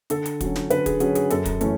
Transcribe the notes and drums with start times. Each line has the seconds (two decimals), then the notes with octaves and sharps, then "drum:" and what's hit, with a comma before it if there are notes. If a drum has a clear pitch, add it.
0.10 D3 A4, drum: hi-hat
0.26 drum: hi-hat
0.41 F#3 C#4, drum: kick, hi-hat
0.56 drum: snare
0.70 D3 B4, drum: hi-hat
0.86 G#4, drum: kick, hi-hat
1.00 F#3 C#4 G#4, drum: hi-hat
1.15 G#4, drum: hi-hat
1.30 F#2 A4, drum: hi-hat
1.45 drum: kick, hi-hat
1.61 E3 A3 C#4, drum: hi-hat